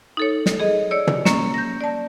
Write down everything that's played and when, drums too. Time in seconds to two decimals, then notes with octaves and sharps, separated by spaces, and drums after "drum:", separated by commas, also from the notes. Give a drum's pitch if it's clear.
0.17 D#4 A4 C#5
0.46 drum: snare
0.60 G#4 D#5
0.91 C#5 D5 E6
1.07 drum: tom
1.25 A#3 C#4, drum: snare
1.54 G6 A#6
1.81 D5 A5